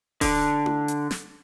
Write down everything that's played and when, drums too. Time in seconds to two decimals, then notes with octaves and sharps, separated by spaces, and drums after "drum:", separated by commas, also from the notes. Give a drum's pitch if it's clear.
0.21 D3, drum: kick D#1, open hi-hat
0.66 drum: tom E4
0.88 drum: hi-hat
1.11 drum: snare